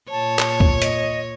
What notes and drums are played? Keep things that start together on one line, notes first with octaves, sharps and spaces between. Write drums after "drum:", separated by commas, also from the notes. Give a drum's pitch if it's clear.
A#2 C#5 A5
drum: clap
drum: kick
D#5, drum: hi-hat